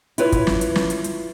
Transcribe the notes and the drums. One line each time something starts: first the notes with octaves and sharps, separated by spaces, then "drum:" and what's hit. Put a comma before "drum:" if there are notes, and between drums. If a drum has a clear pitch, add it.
E4 F4 B4 C#5, drum: hi-hat
drum: kick, hi-hat
drum: snare
drum: hi-hat
drum: snare
drum: hi-hat
drum: hi-hat